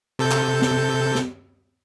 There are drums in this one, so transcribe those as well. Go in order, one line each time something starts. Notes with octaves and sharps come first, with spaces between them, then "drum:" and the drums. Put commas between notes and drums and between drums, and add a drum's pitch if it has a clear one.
C3 A4 G6
drum: clap
drum: snare
drum: snare